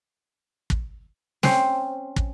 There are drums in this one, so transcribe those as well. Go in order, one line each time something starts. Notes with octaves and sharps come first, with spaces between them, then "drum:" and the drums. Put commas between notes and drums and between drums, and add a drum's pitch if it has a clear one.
drum: kick
C4 C#4 C5, drum: snare
drum: kick